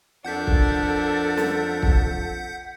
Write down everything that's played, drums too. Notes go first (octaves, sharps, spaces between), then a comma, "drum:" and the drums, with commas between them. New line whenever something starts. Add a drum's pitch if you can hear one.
F2 D4 A4 A#4 F#5 G6 B6
drum: kick
drum: snare
drum: kick